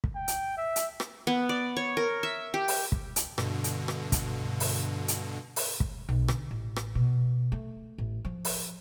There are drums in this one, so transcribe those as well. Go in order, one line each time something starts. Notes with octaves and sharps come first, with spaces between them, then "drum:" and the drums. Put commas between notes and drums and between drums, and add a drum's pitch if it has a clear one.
drum: kick
G5
drum: hi-hat
E5
drum: hi-hat
drum: rim click
B3
D5
C#5
A#4
E5
G4
drum: open hi-hat
drum: kick
drum: hi-hat
G2 B2 D3, drum: rim click
drum: hi-hat
drum: rim click
drum: kick, hi-hat
drum: open hi-hat
drum: hi-hat
drum: open hi-hat
drum: kick
B1
D3, drum: rim click
A1
drum: rim click
B2
A3
A1
F3
drum: open hi-hat